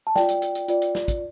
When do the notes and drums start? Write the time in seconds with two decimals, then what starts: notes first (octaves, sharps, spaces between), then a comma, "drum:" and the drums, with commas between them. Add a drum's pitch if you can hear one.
0.07 A5
0.16 F4 D5 G5, drum: snare
0.29 drum: hi-hat
0.42 drum: hi-hat
0.55 drum: hi-hat
0.68 F4 D5, drum: hi-hat
0.82 drum: hi-hat
0.95 drum: snare
1.08 drum: kick, hi-hat